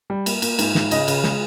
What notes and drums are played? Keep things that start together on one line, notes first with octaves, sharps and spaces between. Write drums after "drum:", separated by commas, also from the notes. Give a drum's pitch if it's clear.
G3
A#3, drum: cymbal
A#3, drum: cymbal
G#2, drum: cymbal
G#2, drum: snare
C#3 D#5, drum: cymbal
C#3, drum: cymbal
G#3, drum: snare